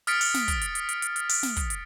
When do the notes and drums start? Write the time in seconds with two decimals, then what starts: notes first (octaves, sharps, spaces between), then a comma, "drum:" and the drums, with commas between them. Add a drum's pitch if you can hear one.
0.07 D#6 F6 A6 B6 C#7 D7, drum: hi-hat
0.21 drum: open hi-hat
0.34 drum: snare
0.48 drum: kick, hi-hat
0.61 drum: hi-hat
0.75 drum: hi-hat
0.89 drum: hi-hat
1.02 drum: hi-hat
1.16 drum: hi-hat
1.29 drum: open hi-hat
1.43 drum: snare
1.57 drum: kick, hi-hat
1.70 drum: hi-hat